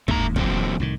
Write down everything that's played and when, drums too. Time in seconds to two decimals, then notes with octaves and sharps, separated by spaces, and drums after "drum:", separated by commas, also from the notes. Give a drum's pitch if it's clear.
0.08 G#1 D#2 A2 A3 A#5, drum: kick
0.36 E2 A#2 D3 F#3 C4, drum: kick
0.80 C2 A2 D#3